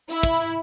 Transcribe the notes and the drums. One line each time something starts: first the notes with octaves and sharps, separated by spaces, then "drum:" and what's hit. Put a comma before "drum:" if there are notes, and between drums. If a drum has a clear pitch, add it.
E4, drum: hi-hat
drum: kick, hi-hat
drum: hi-hat